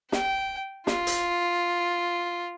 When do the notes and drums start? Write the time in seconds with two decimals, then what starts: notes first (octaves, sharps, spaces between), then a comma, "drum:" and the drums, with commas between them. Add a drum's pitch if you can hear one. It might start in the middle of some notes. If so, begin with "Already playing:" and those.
0.12 G5, drum: snare
0.87 F4, drum: snare
1.07 drum: hi-hat